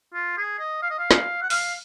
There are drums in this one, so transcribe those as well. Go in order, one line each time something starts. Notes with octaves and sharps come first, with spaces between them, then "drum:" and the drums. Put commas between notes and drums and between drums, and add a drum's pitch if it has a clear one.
F4
G#4
D#5
F5
D#5
F5
drum: snare
F#5
F5, drum: open hi-hat